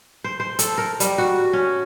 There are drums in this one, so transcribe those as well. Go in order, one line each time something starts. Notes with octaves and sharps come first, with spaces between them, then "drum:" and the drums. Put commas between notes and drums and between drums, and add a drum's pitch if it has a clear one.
C5
C5
A4, drum: hi-hat
A#4
G3, drum: hi-hat
F#4
C#4